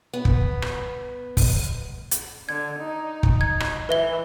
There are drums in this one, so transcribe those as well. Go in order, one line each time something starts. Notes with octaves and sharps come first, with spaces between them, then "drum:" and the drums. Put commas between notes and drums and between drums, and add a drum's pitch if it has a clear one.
B3
drum: kick
drum: rim click
drum: kick, open hi-hat
drum: hi-hat
D3 G#6
D#4
drum: kick
G#6
drum: rim click
E3 B4 E5 G7